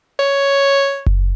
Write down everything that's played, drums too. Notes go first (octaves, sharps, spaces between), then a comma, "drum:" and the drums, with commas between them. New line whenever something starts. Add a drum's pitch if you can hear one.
C#5
drum: kick F#1